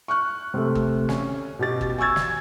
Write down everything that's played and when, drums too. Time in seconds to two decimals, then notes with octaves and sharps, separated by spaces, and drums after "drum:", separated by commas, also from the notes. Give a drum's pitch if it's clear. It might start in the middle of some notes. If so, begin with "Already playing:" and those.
0.08 C#6 F6 F#6
0.54 C3 A3
0.75 drum: kick
1.09 C#4, drum: snare
1.59 B2 G4 A6
1.81 drum: kick
1.98 G#5 C#6 E6 G#6 A6
2.16 drum: snare